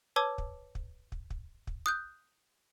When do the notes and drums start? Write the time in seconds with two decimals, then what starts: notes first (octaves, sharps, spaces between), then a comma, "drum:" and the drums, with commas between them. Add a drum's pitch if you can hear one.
0.16 B4 C#5 A5 D6 E6 G#6
0.38 drum: kick
0.75 drum: kick
1.12 drum: kick
1.30 drum: kick
1.67 drum: kick
1.86 D#6 F#6 G6